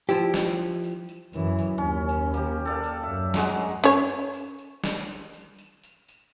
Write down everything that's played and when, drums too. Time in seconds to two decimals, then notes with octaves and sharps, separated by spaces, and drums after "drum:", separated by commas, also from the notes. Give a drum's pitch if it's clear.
0.09 F3 E4 G4, drum: tambourine
0.34 drum: snare
0.59 drum: tambourine
0.84 drum: tambourine
1.09 drum: tambourine
1.33 F#2 E3, drum: tambourine
1.59 drum: tambourine
1.78 D#2 C#4
2.09 drum: tambourine
2.34 A#3 G4, drum: tambourine
2.65 A4 D5 F5
2.84 drum: tambourine
3.03 F#2 E5
3.34 F#3 G#3 F#5, drum: snare
3.59 drum: tambourine
3.84 C#4 C#5, drum: tambourine
4.09 drum: tambourine
4.34 drum: tambourine
4.59 drum: tambourine
4.84 drum: snare
5.09 drum: tambourine
5.34 drum: tambourine
5.59 drum: tambourine
5.84 drum: tambourine
6.09 drum: tambourine